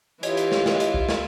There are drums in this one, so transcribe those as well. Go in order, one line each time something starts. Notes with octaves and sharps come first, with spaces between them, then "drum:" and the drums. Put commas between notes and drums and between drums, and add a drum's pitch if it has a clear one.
E3 E4 F4 G4 C#5 D#5, drum: hi-hat
drum: hi-hat
drum: snare
drum: snare
drum: hi-hat
drum: kick
drum: snare